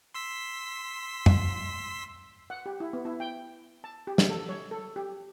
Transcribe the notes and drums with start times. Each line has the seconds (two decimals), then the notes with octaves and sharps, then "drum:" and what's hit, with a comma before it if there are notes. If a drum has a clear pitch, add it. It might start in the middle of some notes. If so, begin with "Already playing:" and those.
0.14 C6 E6 B6
1.26 drum: tom F2
2.50 F#5
2.66 G4
2.80 E4
2.93 B3
3.05 E4
3.20 G5
3.84 A5
4.07 G4
4.18 drum: snare
4.30 A4
4.49 C#5
4.71 A4
4.96 G4